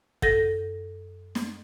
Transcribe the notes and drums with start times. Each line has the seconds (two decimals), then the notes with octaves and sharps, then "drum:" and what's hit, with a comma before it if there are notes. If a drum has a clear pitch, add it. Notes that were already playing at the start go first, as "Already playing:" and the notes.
0.22 F#2 A4 A#6, drum: kick
1.35 drum: snare